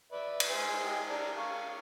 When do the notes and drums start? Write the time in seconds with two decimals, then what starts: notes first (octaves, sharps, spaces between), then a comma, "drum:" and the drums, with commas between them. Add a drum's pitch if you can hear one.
0.12 B4 D5 E5
0.40 drum: cymbal
0.49 G#3 C5 G#5
0.83 G4 D#5 G#5
1.09 D5 A5 A#5
1.37 F5 C#6